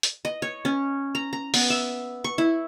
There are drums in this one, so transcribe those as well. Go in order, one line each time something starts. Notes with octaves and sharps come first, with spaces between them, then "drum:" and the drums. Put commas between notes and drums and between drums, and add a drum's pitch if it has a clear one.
drum: hi-hat
D#5
C#5
C#4
A#5
A#5
B3, drum: open hi-hat
E5
C#6
E4